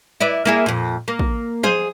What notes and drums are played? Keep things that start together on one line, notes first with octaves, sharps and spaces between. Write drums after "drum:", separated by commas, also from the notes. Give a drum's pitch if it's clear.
E4 B4 D5
A#3 E4 G#4
F2 A#2
A#3
drum: kick
G#4 C5 F5, drum: tom F3